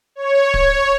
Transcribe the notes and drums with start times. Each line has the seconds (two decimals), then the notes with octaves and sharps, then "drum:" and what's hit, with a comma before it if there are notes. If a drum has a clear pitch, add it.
0.16 C#5
0.54 drum: kick D1